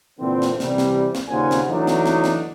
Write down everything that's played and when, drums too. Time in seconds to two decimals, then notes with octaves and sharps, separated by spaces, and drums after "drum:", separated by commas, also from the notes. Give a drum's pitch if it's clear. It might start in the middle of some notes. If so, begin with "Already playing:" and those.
0.20 A#2 D3 E3 C4
0.42 drum: snare
0.60 C3 E3 G3, drum: snare
0.78 drum: snare
1.15 drum: snare
1.29 D#2 A#2 C#3 C5 F#5 G#5
1.51 drum: snare
1.68 E3 F#3 A3 D4 D#4 F#4
1.87 drum: snare
2.06 drum: snare
2.24 drum: snare